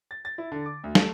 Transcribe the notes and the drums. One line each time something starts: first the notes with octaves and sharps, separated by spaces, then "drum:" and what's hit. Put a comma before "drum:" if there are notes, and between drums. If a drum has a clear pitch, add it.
A6
A6
E4
D3
D6
D2
A3, drum: snare